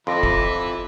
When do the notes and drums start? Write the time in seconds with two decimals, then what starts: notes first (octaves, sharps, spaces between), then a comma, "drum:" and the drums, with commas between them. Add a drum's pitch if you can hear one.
0.07 F2 E3 E4 B4 C6 D6 A#6
0.23 drum: kick